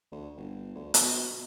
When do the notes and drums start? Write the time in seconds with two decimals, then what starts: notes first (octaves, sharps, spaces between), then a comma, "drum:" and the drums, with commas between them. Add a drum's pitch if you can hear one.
0.12 D2
0.37 G1
0.75 D2
0.94 B2, drum: hi-hat